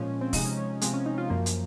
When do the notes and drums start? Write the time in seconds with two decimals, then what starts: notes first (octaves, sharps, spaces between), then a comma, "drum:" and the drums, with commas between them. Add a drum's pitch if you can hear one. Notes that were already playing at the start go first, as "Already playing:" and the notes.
Already playing: A#2 F3 G#3 C#4
0.21 C4
0.33 C3 F3 G#3 D#4, drum: kick, open hi-hat
0.45 C#4
0.57 C#4
0.81 C3 F3 G#3 C4, drum: hi-hat
0.94 C#4
1.06 D#4
1.18 F4
1.30 F#2 F3 A#3
1.46 drum: hi-hat